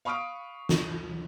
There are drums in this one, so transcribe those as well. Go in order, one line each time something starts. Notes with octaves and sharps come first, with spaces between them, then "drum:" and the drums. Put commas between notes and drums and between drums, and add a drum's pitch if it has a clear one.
F5 B5 C#6 D#6 F6 D7
drum: snare